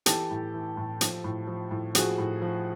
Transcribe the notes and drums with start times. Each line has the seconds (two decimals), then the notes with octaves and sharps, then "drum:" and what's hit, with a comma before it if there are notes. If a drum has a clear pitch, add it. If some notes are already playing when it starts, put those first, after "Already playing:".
0.06 E3 G4 A4, drum: hi-hat
0.31 A2
0.54 E3
0.77 A2
1.01 F3, drum: hi-hat
1.24 A2
1.47 F3
1.71 A2
1.95 F3 F#4 G#4, drum: hi-hat
2.18 A2
2.42 F3